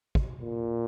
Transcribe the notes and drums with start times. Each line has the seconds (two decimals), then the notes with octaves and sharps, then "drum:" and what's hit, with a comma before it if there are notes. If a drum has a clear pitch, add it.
0.15 drum: kick
0.41 A#2